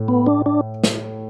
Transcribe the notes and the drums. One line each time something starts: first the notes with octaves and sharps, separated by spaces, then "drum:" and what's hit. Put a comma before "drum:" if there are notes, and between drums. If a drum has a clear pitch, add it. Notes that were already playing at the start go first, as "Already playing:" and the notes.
Already playing: A2
B3
D4
D4
drum: snare